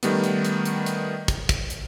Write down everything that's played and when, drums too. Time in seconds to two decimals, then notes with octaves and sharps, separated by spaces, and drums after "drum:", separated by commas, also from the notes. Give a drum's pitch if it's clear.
0.03 D#3 G3 A3 B3, drum: hi-hat
0.24 drum: hi-hat
0.45 drum: hi-hat
0.65 drum: hi-hat
0.86 drum: hi-hat
1.28 drum: kick, hi-hat
1.49 drum: kick, hi-hat
1.70 drum: hi-hat